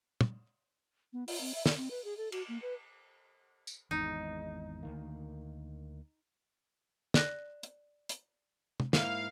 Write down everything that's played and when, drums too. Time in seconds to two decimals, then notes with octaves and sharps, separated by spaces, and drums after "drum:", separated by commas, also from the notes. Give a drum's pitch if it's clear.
0.21 drum: tom
1.13 B3
1.28 F4, drum: open hi-hat
1.41 C4
1.54 E5
1.66 D5, drum: snare
1.77 C4
1.91 B4
2.04 G#4
2.17 A4
2.32 F#4, drum: cymbal
2.48 A#3
2.62 B4
3.67 drum: tambourine
3.91 G#1 E2 G#2 D#4
4.83 D2 D#3 A#3
7.14 D5 F#6 A#6, drum: snare
7.63 drum: hi-hat
8.09 drum: hi-hat
8.80 drum: tom
8.93 G#2 A#3 E4 F5, drum: snare